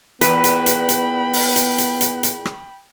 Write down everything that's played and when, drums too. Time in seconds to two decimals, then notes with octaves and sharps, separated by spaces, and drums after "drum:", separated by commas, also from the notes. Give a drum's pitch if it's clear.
0.21 E2 A#2 B3 B4 G5 B5, drum: hi-hat
0.44 drum: hi-hat
0.66 drum: hi-hat
0.89 drum: hi-hat
1.33 drum: open hi-hat
1.56 drum: hi-hat
1.78 drum: hi-hat
2.01 drum: hi-hat
2.23 drum: hi-hat
2.45 drum: rim click